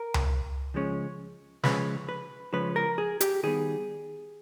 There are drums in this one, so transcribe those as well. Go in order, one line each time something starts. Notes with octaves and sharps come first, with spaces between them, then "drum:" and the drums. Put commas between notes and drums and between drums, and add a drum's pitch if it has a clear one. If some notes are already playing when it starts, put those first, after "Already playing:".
Already playing: A#4
drum: tom C#2
C#3 F3 G#3 C#4
C#3 F3 G#3 C#4 B4, drum: snare
B4
C#3 F3 G#3 C#4 B4
A#4
G#4
G4, drum: hi-hat
D#3 G3 B3 G#4